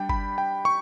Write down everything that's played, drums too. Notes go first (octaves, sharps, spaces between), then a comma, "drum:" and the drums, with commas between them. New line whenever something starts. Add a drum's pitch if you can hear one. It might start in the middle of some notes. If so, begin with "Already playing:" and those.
Already playing: G3 D4 G5
B5, drum: kick G1
G5
C#6